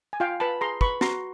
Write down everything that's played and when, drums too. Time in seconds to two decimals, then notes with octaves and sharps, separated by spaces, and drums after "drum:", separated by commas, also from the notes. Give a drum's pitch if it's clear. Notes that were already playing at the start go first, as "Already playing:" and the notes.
0.13 G#5
0.20 F4 F5 G5
0.40 B4 A5 B5
0.61 G#4 A#5 C6
0.81 B4 B5 C#6, drum: kick
1.01 F#4 A#5 C6, drum: snare